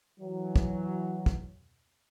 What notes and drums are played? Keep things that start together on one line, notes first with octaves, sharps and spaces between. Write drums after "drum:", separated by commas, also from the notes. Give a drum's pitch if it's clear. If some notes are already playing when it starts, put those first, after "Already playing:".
E3 F#3
drum: kick
drum: kick